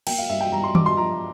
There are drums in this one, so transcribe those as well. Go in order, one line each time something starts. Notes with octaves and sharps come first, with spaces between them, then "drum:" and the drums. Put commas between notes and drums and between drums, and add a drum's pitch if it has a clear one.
A#3 G5, drum: cymbal
F5
G2 E5
G5
G2 A#5
C6
G2 D6, drum: tom D#3
C6
F3 A#5